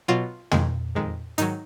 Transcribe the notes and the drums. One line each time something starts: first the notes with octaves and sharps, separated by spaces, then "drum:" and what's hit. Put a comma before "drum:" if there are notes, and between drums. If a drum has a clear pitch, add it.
B2 F#3 F4
F2 D#3 G#3, drum: tom
F2 D#3 G#3
G#2 D#3 F#3 D#4, drum: hi-hat